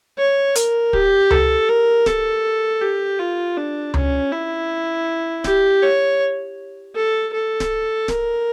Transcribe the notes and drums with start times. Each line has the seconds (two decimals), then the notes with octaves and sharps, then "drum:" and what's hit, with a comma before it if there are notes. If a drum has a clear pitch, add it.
0.18 C#5
0.56 A#4, drum: hi-hat
0.93 G4, drum: kick
1.30 A4, drum: tom C#2
1.69 A#4
2.06 A4, drum: snare D1
2.81 G4
3.19 F4
3.57 D4
3.94 C#4, drum: tom C#2
4.32 E4
5.44 G4, drum: snare D1
5.82 C#5
6.95 A4
7.33 A4
7.60 drum: snare D1
8.08 A#4, drum: snare D1